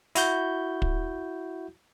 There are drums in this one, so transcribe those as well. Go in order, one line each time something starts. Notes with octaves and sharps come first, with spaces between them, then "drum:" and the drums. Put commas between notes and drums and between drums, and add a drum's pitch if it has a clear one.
E4 F#4 G6, drum: hi-hat
drum: kick